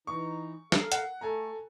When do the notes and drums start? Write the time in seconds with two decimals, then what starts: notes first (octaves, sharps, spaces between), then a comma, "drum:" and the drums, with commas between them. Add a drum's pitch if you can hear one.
0.07 E3 D#4 C#6
0.72 A4 A#4 F5, drum: snare
0.92 F#5, drum: hi-hat
1.21 A3 A4 G#5 A#5